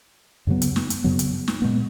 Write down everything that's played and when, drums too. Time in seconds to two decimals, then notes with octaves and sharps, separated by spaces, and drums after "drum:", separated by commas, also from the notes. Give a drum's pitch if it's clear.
0.47 F#2 C#3 F#3 B3
0.62 drum: hi-hat
0.76 drum: snare
0.90 drum: hi-hat
1.04 F#2 C#3 F#3 B3
1.19 drum: hi-hat
1.48 drum: snare
1.62 A#2 G#3 B3